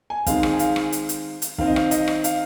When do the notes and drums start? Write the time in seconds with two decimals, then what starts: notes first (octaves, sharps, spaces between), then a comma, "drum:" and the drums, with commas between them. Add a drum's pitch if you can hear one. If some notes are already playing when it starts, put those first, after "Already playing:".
0.10 G#5
0.26 D#3 G#3 C4 F5, drum: kick, hi-hat
0.43 drum: rim click
0.53 G#5
0.59 F5, drum: hi-hat
0.76 drum: rim click
0.92 drum: hi-hat
1.09 drum: hi-hat
1.42 drum: hi-hat
1.58 D#3 C4 F5, drum: kick
1.67 D#5
1.76 F5, drum: rim click
1.91 D#5, drum: hi-hat
2.08 drum: rim click
2.24 F5, drum: hi-hat